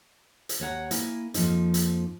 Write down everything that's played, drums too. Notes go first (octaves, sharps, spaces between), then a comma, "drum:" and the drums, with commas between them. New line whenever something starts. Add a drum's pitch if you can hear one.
drum: hi-hat
D#2 C#5 F#5 A#5
A#3 E4 G#5, drum: hi-hat
F2 F3 A#3 D4 D#4, drum: hi-hat
drum: hi-hat